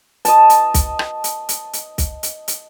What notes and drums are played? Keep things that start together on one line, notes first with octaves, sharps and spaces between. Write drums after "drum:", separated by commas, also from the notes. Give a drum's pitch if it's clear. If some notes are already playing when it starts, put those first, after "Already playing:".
D#5 A5, drum: hi-hat
drum: hi-hat
drum: kick, hi-hat
drum: rim click
drum: hi-hat
drum: hi-hat
drum: hi-hat
drum: kick, hi-hat
drum: hi-hat
drum: hi-hat